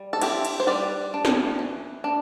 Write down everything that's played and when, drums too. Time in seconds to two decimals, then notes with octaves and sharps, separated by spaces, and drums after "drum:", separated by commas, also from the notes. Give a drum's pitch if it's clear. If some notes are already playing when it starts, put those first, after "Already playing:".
Already playing: G3
0.13 A4
0.21 C4 E4 G4, drum: cymbal
0.45 drum: cymbal
0.60 C5
0.67 G3 B4 D5
1.14 D4
1.25 drum: snare
1.59 E3
2.04 D4